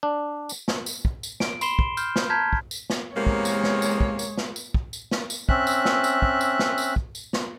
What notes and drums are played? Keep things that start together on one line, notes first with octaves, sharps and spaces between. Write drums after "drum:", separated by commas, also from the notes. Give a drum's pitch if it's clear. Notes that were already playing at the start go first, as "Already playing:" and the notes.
D4
drum: tambourine
drum: snare
drum: tambourine
drum: kick
drum: tambourine
D7, drum: snare
B5 C6 C7 E7 G7, drum: tambourine
drum: kick
F6 G6, drum: tambourine
drum: snare
A5 A#5 F6 G6 G#6 B6
drum: kick
drum: tambourine
drum: snare
E2 C3 G#3 A#3 C#5
drum: kick
drum: tambourine
drum: snare
drum: tambourine
drum: kick
drum: tambourine
drum: snare
drum: tambourine
drum: kick
drum: tambourine
drum: snare
drum: tambourine
C4 C#4 E5 F#6, drum: kick
drum: tambourine
drum: snare
drum: tambourine
drum: kick
drum: tambourine
drum: snare
drum: tambourine
drum: kick
drum: tambourine
drum: snare